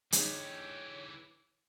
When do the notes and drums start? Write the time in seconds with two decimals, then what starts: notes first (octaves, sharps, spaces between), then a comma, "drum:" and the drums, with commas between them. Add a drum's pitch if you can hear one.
0.12 D3 E3 D#4 G4 G#4 C#5, drum: hi-hat